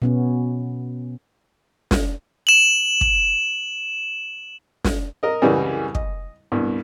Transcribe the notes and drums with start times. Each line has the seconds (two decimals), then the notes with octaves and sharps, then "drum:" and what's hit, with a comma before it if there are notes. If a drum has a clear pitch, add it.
0.02 B2 B3 C#4
1.91 drum: snare
2.47 E7 F#7
3.01 drum: kick
4.85 drum: snare
5.23 A#4 D#5
5.42 C2 F#2 C#3 E3 G3 G#3
5.95 D#5, drum: kick
6.52 C2 G2 B2